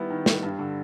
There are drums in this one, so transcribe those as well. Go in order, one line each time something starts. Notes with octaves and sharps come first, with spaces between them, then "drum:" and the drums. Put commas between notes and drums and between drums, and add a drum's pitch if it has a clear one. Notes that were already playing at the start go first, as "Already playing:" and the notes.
Already playing: D#3 G3 B3 E4
D#3
G3, drum: snare
G2
D3